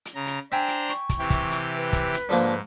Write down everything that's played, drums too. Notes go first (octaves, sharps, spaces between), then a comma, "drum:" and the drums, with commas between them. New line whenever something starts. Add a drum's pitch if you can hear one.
drum: hi-hat
C#3 A#5
drum: hi-hat
D4 C5 E5 G5 G#5 A#5
drum: hi-hat
C#6, drum: hi-hat
drum: kick, hi-hat
C3 E3 G4
drum: kick, hi-hat
drum: hi-hat
B4
drum: kick, hi-hat
drum: hi-hat
G#2 D3 F3 A#3